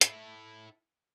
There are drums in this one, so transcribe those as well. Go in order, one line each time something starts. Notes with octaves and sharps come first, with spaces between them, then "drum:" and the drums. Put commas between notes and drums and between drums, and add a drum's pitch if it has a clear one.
E4 A4, drum: hi-hat